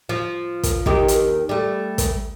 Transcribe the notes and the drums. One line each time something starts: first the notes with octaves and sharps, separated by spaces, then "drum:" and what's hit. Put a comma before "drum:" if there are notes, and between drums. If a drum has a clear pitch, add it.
F3
drum: kick, hi-hat
D#2 D#3 G4, drum: kick
drum: hi-hat
G3 A3
drum: kick, hi-hat